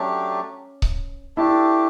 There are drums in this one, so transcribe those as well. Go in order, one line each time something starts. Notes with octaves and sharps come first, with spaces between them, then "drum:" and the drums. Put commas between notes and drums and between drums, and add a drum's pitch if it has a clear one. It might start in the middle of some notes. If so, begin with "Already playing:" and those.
Already playing: F#3 A3 C#4 D4 G4
drum: kick C#1
A3 D4 E4 G4